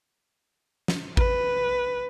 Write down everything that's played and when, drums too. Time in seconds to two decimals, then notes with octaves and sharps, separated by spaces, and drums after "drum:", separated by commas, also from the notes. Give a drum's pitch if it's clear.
0.88 drum: snare
1.17 B4, drum: kick G#1